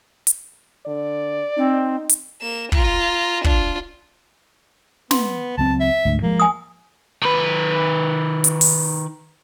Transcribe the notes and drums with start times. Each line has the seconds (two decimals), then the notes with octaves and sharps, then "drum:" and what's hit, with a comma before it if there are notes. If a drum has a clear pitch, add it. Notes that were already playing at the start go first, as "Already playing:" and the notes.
0.27 drum: hi-hat
0.86 D3 D5
1.57 C4 D#4
2.09 drum: hi-hat
2.42 A#3 E7
2.72 F4 A#5, drum: kick
3.44 D4 F4, drum: kick
5.11 B3 C6, drum: snare
5.58 C#2 F#3 C4 A5
5.80 E5
6.05 D2 G#2
6.22 F3 G#3 A#3
6.40 G#5 D#6
7.22 D#3 B4
8.44 drum: hi-hat
8.61 drum: open hi-hat